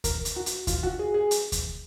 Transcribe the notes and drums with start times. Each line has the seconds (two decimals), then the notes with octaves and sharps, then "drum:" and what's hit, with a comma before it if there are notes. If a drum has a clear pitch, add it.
0.04 A#4, drum: kick D2, hi-hat
0.25 drum: hi-hat
0.36 F#4
0.46 drum: hi-hat
0.67 F4, drum: kick D2, hi-hat
0.83 F#4
0.99 G#4
1.14 G#4
1.31 drum: hi-hat
1.52 drum: kick D2, hi-hat